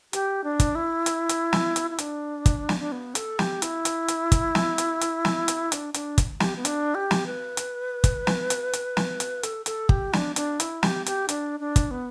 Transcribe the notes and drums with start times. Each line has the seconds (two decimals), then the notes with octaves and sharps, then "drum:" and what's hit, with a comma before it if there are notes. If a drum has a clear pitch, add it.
0.13 G4, drum: hi-hat
0.44 D4
0.60 drum: kick, hi-hat
0.75 E4
1.06 drum: hi-hat
1.29 drum: hi-hat
1.53 drum: snare
1.76 drum: hi-hat
1.91 E4
1.99 D4, drum: hi-hat
2.46 drum: kick, hi-hat
2.69 drum: snare
2.80 D4
2.92 B3
3.15 A4, drum: hi-hat
3.39 G4, drum: snare
3.62 E4, drum: hi-hat
3.85 drum: hi-hat
4.08 drum: hi-hat
4.32 drum: kick, hi-hat
4.55 drum: snare
4.78 drum: hi-hat
5.01 drum: hi-hat
5.25 drum: snare
5.48 drum: hi-hat
5.72 D4, drum: hi-hat
5.94 D4, drum: hi-hat
6.18 drum: kick, hi-hat
6.40 G4, drum: snare
6.56 B3
6.65 D4, drum: hi-hat
6.95 G4
7.11 drum: snare
7.26 B4
7.57 drum: hi-hat
8.04 drum: kick, hi-hat
8.27 drum: snare
8.50 drum: hi-hat
8.73 drum: hi-hat
8.97 drum: snare
9.20 drum: hi-hat
9.43 A4, drum: hi-hat
9.66 A4, drum: hi-hat
9.89 G4, drum: kick
10.13 D4, drum: snare
10.36 D4, drum: hi-hat
10.60 E4, drum: hi-hat
10.83 G4, drum: snare
11.06 G4, drum: hi-hat
11.29 D4, drum: hi-hat
11.60 D4
11.76 drum: kick, hi-hat
11.91 B3